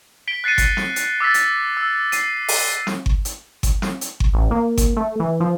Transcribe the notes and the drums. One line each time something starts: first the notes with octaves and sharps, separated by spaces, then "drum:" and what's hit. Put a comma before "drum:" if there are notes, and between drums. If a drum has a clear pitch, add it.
B6 D7 G7
F#6 A6 C7 C#7 D#7
drum: kick G1, hi-hat
drum: snare
drum: hi-hat
D6 E6 A6 B6
drum: hi-hat
E6
C7 D#7, drum: hi-hat
drum: open hi-hat
drum: snare
drum: kick G1
drum: hi-hat
drum: kick G1, hi-hat
drum: snare
drum: hi-hat
drum: kick G1
A1
A#3
drum: kick G1, hi-hat
A3
E3
F3